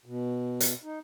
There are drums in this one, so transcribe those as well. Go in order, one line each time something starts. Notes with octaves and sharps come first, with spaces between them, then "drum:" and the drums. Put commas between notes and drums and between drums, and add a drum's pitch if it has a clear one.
B2
drum: hi-hat
D#4